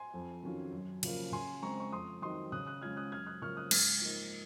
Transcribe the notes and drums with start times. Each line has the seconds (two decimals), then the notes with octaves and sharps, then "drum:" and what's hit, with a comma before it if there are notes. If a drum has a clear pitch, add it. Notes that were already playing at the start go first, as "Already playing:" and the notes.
Already playing: G#5 C6
0.14 F2
0.43 D#3 F#3 C#4 F4
0.72 F#2
1.03 C#3 F3 A#3 F4, drum: cymbal
1.32 C#3 G#5 C6
1.62 G#3 C4 A#5 C#6
1.80 C#6
1.92 F2 C6 D#6
2.22 D#3 F#3 C4 D#4 C6 D#6
2.52 C#3 D#6 F#6
2.67 D#6 F#6
2.82 G#3 C#4 F4 F6 G#6
2.97 D#6 F#6
3.12 F#2 F6 G#6
3.27 D#6 F#6
3.42 C#3 F3 A#3 C#6 F6
3.57 D#6 F#6
3.71 G#2 F6 G#6, drum: cymbal
4.01 F3 A#3 D#4